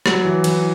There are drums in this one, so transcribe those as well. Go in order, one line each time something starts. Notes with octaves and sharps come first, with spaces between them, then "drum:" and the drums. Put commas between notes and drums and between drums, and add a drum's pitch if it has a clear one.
F#3, drum: rim click
E3
E3, drum: cymbal